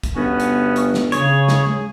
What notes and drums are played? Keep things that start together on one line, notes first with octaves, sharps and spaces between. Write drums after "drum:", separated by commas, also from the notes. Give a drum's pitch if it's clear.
drum: kick, hi-hat
G1 B3 C#4 F#4
drum: hi-hat
drum: hi-hat
drum: snare
C#3 G#4 C#5, drum: hi-hat
drum: snare
drum: tom G#3